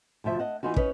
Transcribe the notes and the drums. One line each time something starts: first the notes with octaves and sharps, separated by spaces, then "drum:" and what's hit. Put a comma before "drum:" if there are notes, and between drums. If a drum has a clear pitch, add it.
D2 B2 F3 E5
D#5 F#5 A5
E3 B3 D#4 F4 F#4
C#4 D#4 B4 C#5 D#5, drum: kick